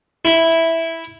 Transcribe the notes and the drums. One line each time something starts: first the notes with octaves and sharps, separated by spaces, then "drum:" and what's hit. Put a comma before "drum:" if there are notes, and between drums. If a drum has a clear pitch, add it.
E4
drum: hi-hat
drum: hi-hat